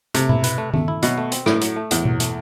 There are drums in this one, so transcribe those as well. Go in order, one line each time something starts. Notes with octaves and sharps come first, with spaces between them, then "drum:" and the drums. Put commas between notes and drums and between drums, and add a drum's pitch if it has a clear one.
C3 A3, drum: hi-hat
E4, drum: tom B2
B4, drum: hi-hat
A3
A3, drum: tom D#3
E4
B2 F#3, drum: hi-hat
A3
C4, drum: hi-hat
A2 E4, drum: rim click
F#3, drum: hi-hat
A3
E2 A2, drum: hi-hat
F#3, drum: tom B2
A3, drum: hi-hat